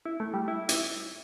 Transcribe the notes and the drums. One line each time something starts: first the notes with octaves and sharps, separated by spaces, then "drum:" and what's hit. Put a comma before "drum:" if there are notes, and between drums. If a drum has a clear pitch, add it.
E4
A3
G3
E4
E4, drum: hi-hat